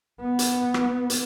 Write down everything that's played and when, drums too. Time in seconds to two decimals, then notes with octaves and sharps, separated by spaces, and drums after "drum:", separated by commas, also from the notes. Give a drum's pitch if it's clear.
0.21 B3
0.39 drum: hi-hat
0.74 drum: rim click
1.10 drum: hi-hat